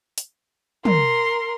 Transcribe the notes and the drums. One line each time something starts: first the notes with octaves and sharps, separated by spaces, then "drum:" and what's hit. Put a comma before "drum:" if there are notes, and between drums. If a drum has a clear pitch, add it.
drum: hi-hat
A#4 C6, drum: tom